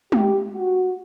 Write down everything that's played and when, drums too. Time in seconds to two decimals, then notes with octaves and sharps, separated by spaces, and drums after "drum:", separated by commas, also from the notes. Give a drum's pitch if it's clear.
0.12 G4, drum: tom G#3
0.53 F#4